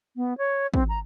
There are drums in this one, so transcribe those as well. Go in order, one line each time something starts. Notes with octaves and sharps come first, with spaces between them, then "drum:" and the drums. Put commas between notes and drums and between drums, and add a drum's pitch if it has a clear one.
B3
C#5
C4, drum: kick
A#5